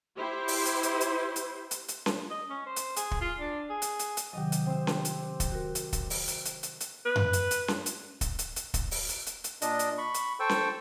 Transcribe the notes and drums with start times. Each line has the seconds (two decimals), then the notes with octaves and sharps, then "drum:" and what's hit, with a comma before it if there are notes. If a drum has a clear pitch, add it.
0.17 E4 G4 C5
0.48 drum: open hi-hat
0.65 drum: hi-hat
0.83 drum: hi-hat
1.01 drum: hi-hat
1.36 drum: hi-hat
1.71 drum: hi-hat
1.88 drum: hi-hat
2.06 drum: snare C#4
2.30 D#5
2.50 C#4
2.66 C5
2.76 drum: hi-hat
2.96 G#4, drum: hi-hat
3.11 drum: kick
3.21 F4
3.39 D4
3.69 G#4
3.82 drum: hi-hat
3.99 drum: hi-hat
4.17 drum: hi-hat
4.33 C3 D#3 F#3 G4 D#5
4.52 drum: hi-hat
4.66 C4 C5 E5
4.87 drum: snare C#4
5.05 drum: hi-hat
5.40 drum: kick, hi-hat
5.52 F#4 A#4
5.75 drum: hi-hat
5.93 drum: kick, hi-hat
6.10 drum: open hi-hat
6.28 drum: hi-hat
6.45 drum: hi-hat
6.63 drum: hi-hat
6.80 drum: hi-hat
7.06 B4
7.16 drum: tom F#2
7.33 drum: hi-hat
7.51 drum: hi-hat
7.68 drum: snare C#4
7.86 drum: hi-hat
8.21 drum: kick, hi-hat
8.39 drum: hi-hat
8.56 drum: hi-hat
8.74 drum: kick, hi-hat
8.91 drum: open hi-hat
9.09 drum: hi-hat
9.26 drum: hi-hat
9.44 drum: hi-hat
9.62 A#2 D4 D#5, drum: hi-hat
9.79 drum: hi-hat
9.98 B5 C#6
10.14 drum: hi-hat
10.40 A4 C5 G5 C#6 E6
10.49 drum: snare C#4